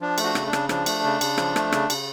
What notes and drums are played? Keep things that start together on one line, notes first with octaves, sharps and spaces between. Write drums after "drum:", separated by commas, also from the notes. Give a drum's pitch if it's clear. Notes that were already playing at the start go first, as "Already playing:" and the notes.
F3 D4
A3, drum: cymbal
D4 F#4
C#3, drum: rim click
D4
C#3, drum: rim click
F3 D4, drum: rim click
A3, drum: cymbal
C#3
C#3, drum: cymbal
F3, drum: rim click
A3, drum: rim click
C#3, drum: rim click
C#3, drum: cymbal